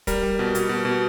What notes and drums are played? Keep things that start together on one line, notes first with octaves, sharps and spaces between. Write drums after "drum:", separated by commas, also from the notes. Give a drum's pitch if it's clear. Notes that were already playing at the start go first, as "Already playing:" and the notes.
G3 A#4, drum: kick, hi-hat
G3
B2
B2, drum: hi-hat
B2
B2